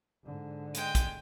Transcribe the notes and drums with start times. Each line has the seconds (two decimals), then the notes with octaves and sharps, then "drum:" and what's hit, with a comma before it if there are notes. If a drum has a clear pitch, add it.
0.24 G#2 D3
0.75 G#3 G5, drum: hi-hat
0.95 drum: kick, hi-hat